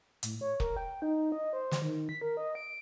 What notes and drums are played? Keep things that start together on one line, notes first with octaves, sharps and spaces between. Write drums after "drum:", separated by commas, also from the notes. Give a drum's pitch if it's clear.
A2, drum: hi-hat
C#5
A#4, drum: kick
G5
D#4
D#5
C5
drum: snare
D#3
B6
A#4
D#5
D7